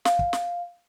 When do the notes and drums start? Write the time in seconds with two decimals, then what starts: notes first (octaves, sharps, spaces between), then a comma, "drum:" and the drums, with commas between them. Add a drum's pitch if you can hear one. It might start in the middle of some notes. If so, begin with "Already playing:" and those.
0.05 F5, drum: snare
0.19 drum: kick
0.33 drum: snare